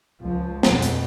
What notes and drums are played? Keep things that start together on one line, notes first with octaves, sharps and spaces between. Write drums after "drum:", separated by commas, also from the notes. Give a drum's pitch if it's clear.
C#2 F3
F2 B2, drum: snare
drum: hi-hat